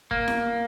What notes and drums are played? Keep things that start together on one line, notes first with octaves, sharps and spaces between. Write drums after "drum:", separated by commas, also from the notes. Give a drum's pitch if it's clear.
A#3, drum: kick
drum: snare E4